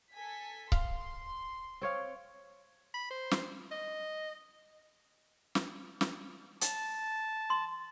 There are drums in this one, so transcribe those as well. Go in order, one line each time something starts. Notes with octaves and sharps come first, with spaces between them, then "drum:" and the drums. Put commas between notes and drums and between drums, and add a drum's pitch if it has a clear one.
A4 G#5 B6
F5 C6, drum: kick C#1
C4 C#5 F5
B5
C5
drum: snare
D#5
drum: snare
drum: snare
A5, drum: hi-hat
C6